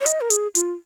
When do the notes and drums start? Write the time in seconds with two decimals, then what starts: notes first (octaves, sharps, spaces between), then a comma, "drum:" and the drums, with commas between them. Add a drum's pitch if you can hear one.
0.01 C#5
0.06 D#5, drum: hi-hat
0.21 A#4
0.30 G#4, drum: hi-hat
0.55 F4, drum: hi-hat